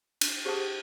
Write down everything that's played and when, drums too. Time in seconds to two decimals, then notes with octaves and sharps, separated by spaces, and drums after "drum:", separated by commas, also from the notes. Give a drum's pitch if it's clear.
0.21 D4, drum: cymbal
0.45 G4 G#4 C5 F#5 A5 D#6